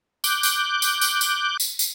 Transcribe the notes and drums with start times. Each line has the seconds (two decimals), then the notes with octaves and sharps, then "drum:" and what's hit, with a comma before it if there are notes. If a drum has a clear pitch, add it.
0.24 D6 F#6 G6, drum: tambourine
0.43 drum: tambourine
0.82 drum: tambourine
1.01 drum: tambourine
1.21 drum: tambourine
1.60 drum: tambourine
1.79 drum: tambourine